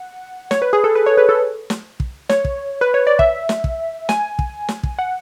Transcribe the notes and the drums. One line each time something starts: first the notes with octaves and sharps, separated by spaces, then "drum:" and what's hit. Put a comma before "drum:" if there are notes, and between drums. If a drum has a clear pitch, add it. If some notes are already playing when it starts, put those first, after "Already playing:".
Already playing: F#5
C#5, drum: snare
B4
G#4
A4
B4
C#5
B4
A4
drum: snare
drum: kick
C#5, drum: snare
drum: kick
B4
C#5
D5
E5, drum: kick
drum: snare
drum: kick
G#5, drum: snare
drum: kick
drum: snare
drum: kick
F#5